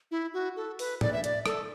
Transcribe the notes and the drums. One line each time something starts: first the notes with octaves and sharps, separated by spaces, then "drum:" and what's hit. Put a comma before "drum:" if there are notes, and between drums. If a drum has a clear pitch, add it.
E4
F#4
A4
B4, drum: open hi-hat
D5, drum: tom
E5
D5, drum: hi-hat
A4, drum: rim click